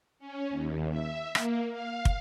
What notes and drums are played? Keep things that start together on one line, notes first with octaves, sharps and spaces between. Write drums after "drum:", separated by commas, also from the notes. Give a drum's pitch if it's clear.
C#4
D#2
E5
A#3, drum: rim click
F5
drum: kick